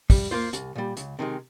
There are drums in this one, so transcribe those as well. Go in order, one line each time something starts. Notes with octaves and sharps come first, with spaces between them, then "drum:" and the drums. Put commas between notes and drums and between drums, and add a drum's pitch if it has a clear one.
G3, drum: kick, open hi-hat
A#3 F4 C5
C2, drum: hi-hat
A#2 G3
C#2, drum: hi-hat
C3 D#3 G#3